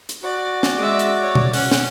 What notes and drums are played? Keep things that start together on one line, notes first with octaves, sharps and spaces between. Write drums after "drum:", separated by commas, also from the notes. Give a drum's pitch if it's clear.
drum: hi-hat
F#4 D5
drum: snare
G#3 E5
drum: hi-hat
C#5
drum: tom B2
C#4 F#5, drum: open hi-hat
drum: snare